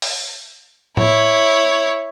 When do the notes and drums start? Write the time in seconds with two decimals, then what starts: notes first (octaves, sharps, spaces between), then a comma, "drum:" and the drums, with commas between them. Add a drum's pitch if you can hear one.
0.02 drum: open hi-hat
0.97 E4 C#5, drum: tom A2